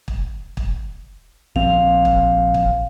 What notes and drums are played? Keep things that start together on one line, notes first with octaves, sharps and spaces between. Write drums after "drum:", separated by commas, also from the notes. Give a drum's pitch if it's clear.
drum: kick
drum: kick
A#1 F3 C4 F5
drum: kick
drum: kick